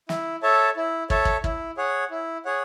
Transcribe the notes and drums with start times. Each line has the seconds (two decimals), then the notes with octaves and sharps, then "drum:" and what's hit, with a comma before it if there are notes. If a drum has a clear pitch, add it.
0.09 E4, drum: snare
0.43 A4 C#5 E5 A5
0.77 E4
1.10 A4 C#5 E5 A5, drum: kick
1.25 drum: kick
1.44 E4, drum: kick
1.77 G#4 C#5 F#5
2.11 E4
2.45 G#4 C#5 F#5